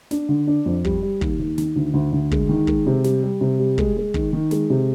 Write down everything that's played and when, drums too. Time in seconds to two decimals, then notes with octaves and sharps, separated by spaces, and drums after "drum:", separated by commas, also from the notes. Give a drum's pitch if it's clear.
0.11 D4, drum: snare
0.29 D3
0.47 D4
0.66 F2
0.84 G3, drum: kick
1.02 G3
1.21 D#2, drum: kick
1.39 D#2
1.58 D#3, drum: snare
1.76 D2
1.94 D2
2.12 D2
2.31 G#3, drum: kick
2.49 D#3
2.67 G#3, drum: kick
2.87 C3
3.04 G3, drum: snare
3.23 G3
3.41 C3
3.59 G3
3.78 G#3, drum: kick
3.97 G#3
4.14 D#3, drum: kick
4.33 D#3
4.51 G#3, drum: snare
4.70 C3